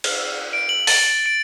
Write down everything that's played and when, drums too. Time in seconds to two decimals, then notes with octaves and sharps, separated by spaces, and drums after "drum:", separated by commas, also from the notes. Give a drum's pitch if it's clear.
0.04 drum: cymbal
0.53 D7
0.69 F#7
0.87 A6, drum: open hi-hat
1.26 D7